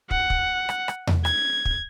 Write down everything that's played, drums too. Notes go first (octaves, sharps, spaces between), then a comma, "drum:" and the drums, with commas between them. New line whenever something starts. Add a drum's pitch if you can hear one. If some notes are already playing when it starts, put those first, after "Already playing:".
F#5, drum: kick
drum: kick
drum: rim click
drum: rim click
drum: tom E2
G#6, drum: rim click
drum: kick